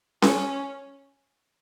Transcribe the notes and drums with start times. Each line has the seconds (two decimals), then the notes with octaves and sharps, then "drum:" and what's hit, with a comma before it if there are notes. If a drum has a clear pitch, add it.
0.22 C#4, drum: snare C#4